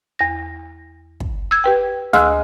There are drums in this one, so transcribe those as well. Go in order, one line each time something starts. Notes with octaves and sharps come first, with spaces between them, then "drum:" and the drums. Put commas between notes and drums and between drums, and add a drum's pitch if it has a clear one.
E2 A#6
drum: kick
E6 G#6
G4 B4 G5
D2 G#3 E6 F#6, drum: snare